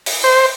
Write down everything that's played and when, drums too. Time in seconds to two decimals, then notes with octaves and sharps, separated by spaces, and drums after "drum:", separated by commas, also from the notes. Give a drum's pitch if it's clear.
0.06 drum: open hi-hat
0.24 C5